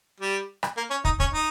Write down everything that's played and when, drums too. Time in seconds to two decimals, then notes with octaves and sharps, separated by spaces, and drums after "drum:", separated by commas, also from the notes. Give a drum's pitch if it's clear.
0.20 G3
0.63 drum: rim click
0.77 A#3
0.91 C#4
1.05 D#4, drum: kick
1.20 C#4, drum: kick
1.33 D#4